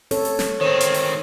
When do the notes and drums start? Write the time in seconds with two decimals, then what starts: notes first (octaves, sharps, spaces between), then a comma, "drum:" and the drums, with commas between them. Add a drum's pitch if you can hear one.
0.11 C4 A4 C#5, drum: open hi-hat
0.25 drum: open hi-hat
0.39 drum: snare
0.61 D#3 C4 C5 C#5
0.81 drum: hi-hat
0.94 drum: open hi-hat